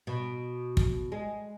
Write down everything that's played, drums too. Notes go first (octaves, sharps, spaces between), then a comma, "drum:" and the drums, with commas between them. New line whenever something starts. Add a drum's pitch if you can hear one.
B2
drum: kick
G#3